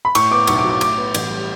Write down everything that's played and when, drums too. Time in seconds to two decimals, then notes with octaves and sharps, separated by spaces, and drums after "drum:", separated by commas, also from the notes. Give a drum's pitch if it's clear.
0.05 B5
0.15 A2 C#6, drum: cymbal
0.31 B3 D6
0.47 B1 C#6, drum: cymbal
0.58 D6
0.64 F#3
0.70 D6
0.81 A2 D6, drum: cymbal
0.98 B3
1.14 A1, drum: cymbal
1.31 G3